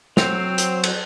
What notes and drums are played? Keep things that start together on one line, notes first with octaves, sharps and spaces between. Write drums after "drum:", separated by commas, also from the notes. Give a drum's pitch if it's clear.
F#3 C4 G6 F7, drum: snare
drum: hi-hat
drum: cymbal